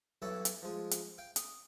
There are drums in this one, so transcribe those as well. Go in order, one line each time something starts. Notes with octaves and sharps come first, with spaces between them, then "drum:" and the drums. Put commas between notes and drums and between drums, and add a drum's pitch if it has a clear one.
B1 E3 E4 A4 C#5
drum: hi-hat
F3 G#3
drum: hi-hat
F5 G5
D#6, drum: hi-hat